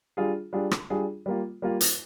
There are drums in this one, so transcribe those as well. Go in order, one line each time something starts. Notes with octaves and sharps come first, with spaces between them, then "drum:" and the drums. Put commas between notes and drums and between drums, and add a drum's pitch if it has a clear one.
G3 D4 F4 G#4
G3 D4 F4 G#4
drum: rim click
G3 D4 F4 G#4
G3 A#3 F4
G3 A#3 F4
drum: hi-hat